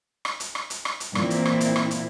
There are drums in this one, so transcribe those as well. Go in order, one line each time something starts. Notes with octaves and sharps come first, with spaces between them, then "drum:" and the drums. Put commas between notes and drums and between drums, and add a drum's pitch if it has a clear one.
drum: rim click
drum: hi-hat
drum: rim click
drum: hi-hat
drum: rim click
drum: hi-hat
A#2 E3 A#3 C4 E4, drum: rim click
drum: hi-hat
drum: rim click
drum: hi-hat
drum: rim click
drum: hi-hat